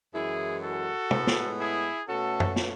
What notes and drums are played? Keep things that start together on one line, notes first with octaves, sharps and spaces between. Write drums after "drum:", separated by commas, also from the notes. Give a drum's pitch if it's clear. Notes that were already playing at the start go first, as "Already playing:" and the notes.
F#2 E3 G#3 E4 G#4
F#4 A4
A2 G#3 B3, drum: tom
drum: snare
E4 G#4
B2 A3 C#4 F#4 A4
drum: tom
drum: snare